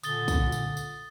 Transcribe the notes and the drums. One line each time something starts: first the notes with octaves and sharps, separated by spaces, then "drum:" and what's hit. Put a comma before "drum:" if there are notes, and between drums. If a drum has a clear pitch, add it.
A#2 D3 D#6 A6 G7, drum: tambourine
drum: kick, tambourine
drum: tambourine
drum: tambourine